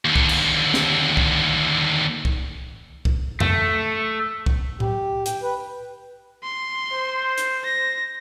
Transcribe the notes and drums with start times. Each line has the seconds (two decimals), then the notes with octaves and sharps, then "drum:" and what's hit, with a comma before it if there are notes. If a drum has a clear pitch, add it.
0.05 D#2 D3
0.16 drum: kick C2
0.29 drum: cymbal
0.74 drum: snare
1.17 drum: kick C2
2.25 drum: kick C2
3.05 drum: kick C2
3.40 A3, drum: tom F2
4.46 drum: kick C2
4.80 G4, drum: tom A2
5.26 G5, drum: hi-hat
5.43 B4
6.43 C6
6.92 C5
7.38 drum: hi-hat
7.64 A#6